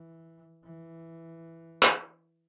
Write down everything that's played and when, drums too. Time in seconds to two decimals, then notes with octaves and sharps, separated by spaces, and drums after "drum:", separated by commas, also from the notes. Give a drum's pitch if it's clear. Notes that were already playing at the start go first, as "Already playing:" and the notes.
Already playing: E3
0.64 E3
1.83 drum: clap